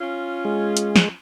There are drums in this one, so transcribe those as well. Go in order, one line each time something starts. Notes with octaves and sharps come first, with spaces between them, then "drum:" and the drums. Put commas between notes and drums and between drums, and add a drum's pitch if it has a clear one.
C#4 F4
G#3
drum: hi-hat
drum: snare